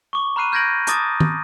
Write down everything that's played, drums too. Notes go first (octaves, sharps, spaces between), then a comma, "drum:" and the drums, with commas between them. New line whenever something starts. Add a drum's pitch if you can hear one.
C#6 D6 G7
A#5 B5 F6 F#6 C7 D#7
F6 G6 G#6 A#6 D7 F#7
A5 A#5 D6 D#6 A6, drum: hi-hat
drum: tom D#3